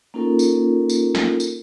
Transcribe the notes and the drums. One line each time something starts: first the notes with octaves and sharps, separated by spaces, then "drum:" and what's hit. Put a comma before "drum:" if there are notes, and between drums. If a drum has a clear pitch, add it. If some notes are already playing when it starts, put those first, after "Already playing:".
A#3 C#4 D#4 F4 A4 A#4
drum: tambourine
drum: tambourine
drum: snare
drum: tambourine